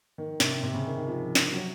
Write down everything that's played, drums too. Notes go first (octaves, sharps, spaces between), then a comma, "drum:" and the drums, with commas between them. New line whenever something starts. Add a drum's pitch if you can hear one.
D#3
C3, drum: snare
C3
C#3
D#3
D#3
F3
drum: snare
F#3